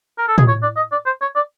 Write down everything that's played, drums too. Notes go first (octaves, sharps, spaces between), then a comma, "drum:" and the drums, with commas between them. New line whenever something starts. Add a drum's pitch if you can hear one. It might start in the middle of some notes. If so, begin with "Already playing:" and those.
A#4
A4
G#4, drum: tom
C#5
D5
D#5
D5
C5
C#5
D5